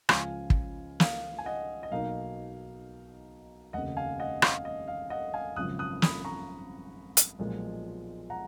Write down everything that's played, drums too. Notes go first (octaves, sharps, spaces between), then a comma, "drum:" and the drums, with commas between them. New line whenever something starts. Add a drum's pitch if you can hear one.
C#2 C#3 F3 F5 G#5, drum: rim click
drum: kick
F5, drum: snare
G#5
D#5 F#5
D#5
B1 B2 A#3 D#4 F5
F1 D#2 C#3 D#5 F#5
F5 G#5
D#5 F#5
F5, drum: rim click
D#5
F5
D#5 F#5
F5 G#5
G#1 F#2 C#3 F3 D#6 F#6
D#6 F#6
B5 D#6, drum: snare
A#5 C#6
drum: hi-hat
B1 A#2 F3 G#3
F#5 A#5